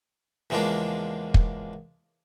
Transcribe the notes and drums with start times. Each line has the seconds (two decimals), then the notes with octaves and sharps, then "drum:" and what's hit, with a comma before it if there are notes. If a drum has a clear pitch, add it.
0.50 E2 C#3 F3 G#3 A#3 D4
1.34 drum: kick